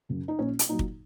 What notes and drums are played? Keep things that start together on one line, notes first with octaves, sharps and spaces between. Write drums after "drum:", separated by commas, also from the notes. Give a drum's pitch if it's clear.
F#2 C#3 F#3
D#4
A#1 C#4
drum: hi-hat
A#2 F#3 D#4
drum: kick